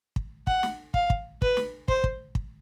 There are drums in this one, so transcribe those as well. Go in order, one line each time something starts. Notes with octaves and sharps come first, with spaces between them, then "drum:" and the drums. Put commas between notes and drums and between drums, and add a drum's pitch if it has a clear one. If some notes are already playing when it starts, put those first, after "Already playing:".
drum: kick
F#5, drum: kick
drum: snare
F5, drum: kick
drum: kick
B4, drum: kick
drum: snare
C5, drum: kick
drum: kick
drum: kick